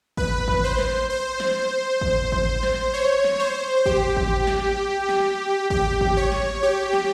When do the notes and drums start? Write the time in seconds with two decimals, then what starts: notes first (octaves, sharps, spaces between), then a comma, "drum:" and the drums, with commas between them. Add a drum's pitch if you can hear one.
0.17 B4, drum: kick G#1
0.48 drum: kick G#1
0.64 C5
0.78 drum: snare
1.10 C5
1.40 drum: snare
2.01 drum: kick G#1
2.32 drum: kick G#1
2.63 drum: snare
2.94 C#5
3.24 drum: snare
3.39 C5
3.86 G4, drum: kick G#1
4.17 drum: kick G#1
4.47 drum: snare
5.09 drum: snare
5.70 G4, drum: kick G#1
6.01 drum: kick G#1
6.17 C#5
6.32 drum: snare
6.63 G4
6.93 drum: snare